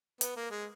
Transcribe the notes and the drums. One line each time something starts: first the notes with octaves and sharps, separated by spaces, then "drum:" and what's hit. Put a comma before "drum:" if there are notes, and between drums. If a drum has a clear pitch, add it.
B3, drum: hi-hat
A#3
G#3